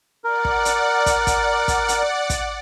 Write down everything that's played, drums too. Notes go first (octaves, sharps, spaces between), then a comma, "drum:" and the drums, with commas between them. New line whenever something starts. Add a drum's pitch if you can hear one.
A#4 D5 F#5
drum: kick
drum: hi-hat
drum: kick, hi-hat
drum: kick, hi-hat
drum: kick, hi-hat
drum: hi-hat
drum: kick, hi-hat